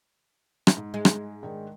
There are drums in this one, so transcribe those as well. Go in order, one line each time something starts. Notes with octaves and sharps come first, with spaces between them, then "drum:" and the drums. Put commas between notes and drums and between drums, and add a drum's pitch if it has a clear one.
drum: rim click
G#2
G#3
drum: rim click
G#2 D#3 D4